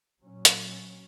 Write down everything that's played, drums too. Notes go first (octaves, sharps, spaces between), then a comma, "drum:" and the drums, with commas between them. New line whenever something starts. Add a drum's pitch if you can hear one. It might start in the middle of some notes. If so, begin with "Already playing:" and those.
A#2 F#3 C#4
drum: hi-hat